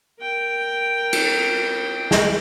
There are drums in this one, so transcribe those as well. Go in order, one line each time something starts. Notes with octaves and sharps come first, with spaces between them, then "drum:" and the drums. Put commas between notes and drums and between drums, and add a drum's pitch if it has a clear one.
A#4 G5
drum: cymbal
drum: snare